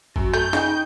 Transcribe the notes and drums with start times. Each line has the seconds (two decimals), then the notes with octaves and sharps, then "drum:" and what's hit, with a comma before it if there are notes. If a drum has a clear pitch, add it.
0.16 F#2 F#4, drum: kick G#1
0.33 A3 G6
0.53 C#3 D#4 D#5 G5, drum: snare